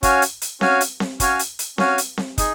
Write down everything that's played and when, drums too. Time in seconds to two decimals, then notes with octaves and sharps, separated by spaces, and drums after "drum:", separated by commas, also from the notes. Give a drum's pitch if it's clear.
0.03 C#4 F#4 C#5 F5 G#5, drum: kick, hi-hat
0.22 drum: hi-hat
0.41 drum: hi-hat
0.61 C#4 F#4 C#5 F5 G#5, drum: snare C4
0.81 drum: hi-hat
1.00 drum: snare C4
1.20 C#4 F#4 C#5 F5 G#5, drum: kick, hi-hat
1.39 drum: hi-hat
1.59 drum: hi-hat
1.78 C#4 F#4 C#5 F5 G#5, drum: snare C4
1.98 drum: hi-hat
2.17 drum: snare C4
2.38 D#4 G#4, drum: kick, hi-hat